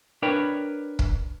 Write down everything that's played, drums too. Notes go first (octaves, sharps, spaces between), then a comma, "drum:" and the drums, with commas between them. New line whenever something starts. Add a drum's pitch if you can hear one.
D4 A#4 B4 C#5 G5 B5
drum: kick